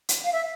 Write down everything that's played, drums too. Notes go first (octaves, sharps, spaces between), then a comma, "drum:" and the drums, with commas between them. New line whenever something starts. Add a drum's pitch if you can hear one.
drum: hi-hat
F5
E5